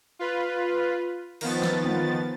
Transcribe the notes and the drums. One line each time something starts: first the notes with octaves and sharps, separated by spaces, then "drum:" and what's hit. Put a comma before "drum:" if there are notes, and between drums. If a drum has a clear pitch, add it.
F4 B4
D#3 F3 B3 A6, drum: cymbal
drum: snare
drum: tom